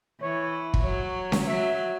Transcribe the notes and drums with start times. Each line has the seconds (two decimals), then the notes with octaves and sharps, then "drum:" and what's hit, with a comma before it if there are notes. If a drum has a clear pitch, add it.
0.22 E3 C#5
0.74 drum: kick
0.83 F#3 C#5
1.32 drum: snare C#4
1.46 F#3 E5